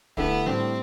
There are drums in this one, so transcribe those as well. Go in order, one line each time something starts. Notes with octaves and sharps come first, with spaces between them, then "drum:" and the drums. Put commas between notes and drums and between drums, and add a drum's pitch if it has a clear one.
D3 A3 B3 E4 G4, drum: kick D1
A2 G3 C4 D4 G4